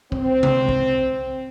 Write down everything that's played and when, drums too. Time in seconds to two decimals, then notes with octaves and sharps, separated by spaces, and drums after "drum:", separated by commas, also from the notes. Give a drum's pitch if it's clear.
0.12 C4, drum: kick
0.43 drum: tom C3
0.69 drum: kick